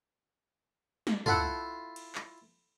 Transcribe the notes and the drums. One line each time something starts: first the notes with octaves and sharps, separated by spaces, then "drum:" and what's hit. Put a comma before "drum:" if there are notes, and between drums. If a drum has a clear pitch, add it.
drum: snare
E4 F4 A4 F#5, drum: tom
drum: cymbal
drum: clap